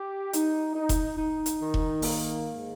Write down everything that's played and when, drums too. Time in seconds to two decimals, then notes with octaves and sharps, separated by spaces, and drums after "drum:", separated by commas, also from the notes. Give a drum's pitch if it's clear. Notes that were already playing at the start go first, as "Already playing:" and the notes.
Already playing: G4
0.33 D#4, drum: hi-hat
0.75 D#4
0.89 drum: kick E1, hi-hat
1.18 D#4
1.46 drum: hi-hat
1.60 D#3
1.74 drum: kick E1
2.02 A#3, drum: open hi-hat
2.44 G#2